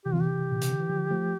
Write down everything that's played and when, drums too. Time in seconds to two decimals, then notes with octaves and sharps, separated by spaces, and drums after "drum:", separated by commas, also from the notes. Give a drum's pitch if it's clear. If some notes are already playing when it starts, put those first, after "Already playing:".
0.05 C3 E3 G4
0.14 F4, drum: tom E3
0.22 G4
0.51 A#2
0.61 C3, drum: hi-hat
0.70 D3
0.80 E3
0.89 D3 F3
1.11 F3 A3